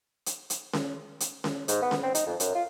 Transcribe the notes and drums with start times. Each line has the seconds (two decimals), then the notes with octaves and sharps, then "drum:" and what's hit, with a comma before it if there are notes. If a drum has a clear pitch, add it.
0.26 drum: hi-hat
0.50 drum: hi-hat
0.73 drum: snare C#4
1.20 drum: hi-hat
1.44 drum: snare C#4
1.68 G#2, drum: hi-hat
1.82 B3
1.91 drum: snare C#4
2.03 C4
2.15 D#4, drum: hi-hat
2.26 F2
2.40 F#2, drum: hi-hat
2.55 F4